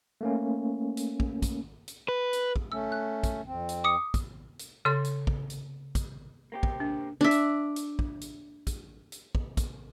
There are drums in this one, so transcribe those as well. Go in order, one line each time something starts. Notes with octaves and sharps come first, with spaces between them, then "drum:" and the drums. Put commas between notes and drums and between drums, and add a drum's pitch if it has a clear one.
A3 A#3 C#4
drum: hi-hat
drum: kick
drum: kick, hi-hat
drum: hi-hat
B4
drum: hi-hat
drum: kick
A3 C#4 E6
F#6
drum: kick, hi-hat
F2 C4
drum: hi-hat
D6 D#6 C#7
drum: kick, hi-hat
drum: hi-hat
C#3 A4 C6
drum: hi-hat
drum: kick
drum: hi-hat
drum: kick, hi-hat
A#3 C4 G4
drum: kick
D4
D4 E5
drum: hi-hat
drum: hi-hat
drum: kick
drum: hi-hat
drum: kick, hi-hat
drum: hi-hat
drum: kick
drum: kick, hi-hat